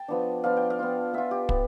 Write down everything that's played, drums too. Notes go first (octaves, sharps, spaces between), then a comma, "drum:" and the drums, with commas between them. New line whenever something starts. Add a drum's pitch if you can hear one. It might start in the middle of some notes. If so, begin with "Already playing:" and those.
Already playing: G5 A5
F3 B3 D4
F3 B3 D4 F5
G5
F5
B3 F4
B3 F4 E5
G4
B3, drum: kick